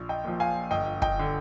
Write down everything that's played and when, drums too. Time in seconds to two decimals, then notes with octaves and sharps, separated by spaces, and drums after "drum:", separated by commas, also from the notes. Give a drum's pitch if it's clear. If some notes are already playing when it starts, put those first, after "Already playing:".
Already playing: A#1
0.09 D#5 G5
0.24 A#2 F3
0.40 F5 G#5
0.71 G1 D#5 G5
1.02 D#5 G5, drum: kick
1.19 D3